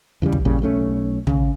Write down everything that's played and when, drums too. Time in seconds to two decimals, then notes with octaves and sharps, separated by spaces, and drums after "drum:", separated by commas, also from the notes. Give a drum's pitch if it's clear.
0.22 E2 C#3 E3 G3
0.33 drum: kick
0.45 E2 A#2 C#3 G3
0.62 B1 A3 C#4
1.27 C#3, drum: tom